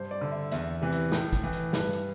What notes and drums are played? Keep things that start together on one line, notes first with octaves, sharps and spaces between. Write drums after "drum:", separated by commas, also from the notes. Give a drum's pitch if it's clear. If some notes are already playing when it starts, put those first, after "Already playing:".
Already playing: G2 C5
D5
D3
E5
E2 E5, drum: hi-hat
C3 E3
drum: hi-hat
A2, drum: snare
drum: kick, hi-hat
E3
drum: hi-hat
G2 B4, drum: snare
drum: hi-hat